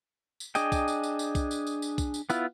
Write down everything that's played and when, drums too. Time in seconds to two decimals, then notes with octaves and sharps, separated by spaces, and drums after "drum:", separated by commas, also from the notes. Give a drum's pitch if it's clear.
0.40 drum: tambourine
0.55 D4 G#4 D#5 G5, drum: tambourine
0.72 drum: kick B1, tambourine
0.88 drum: tambourine
1.03 drum: tambourine
1.19 drum: tambourine
1.35 drum: kick B1, tambourine
1.51 drum: tambourine
1.67 drum: tambourine
1.82 drum: tambourine
1.98 drum: kick B1, tambourine
2.14 drum: tambourine
2.30 B3 E4 F4, drum: tambourine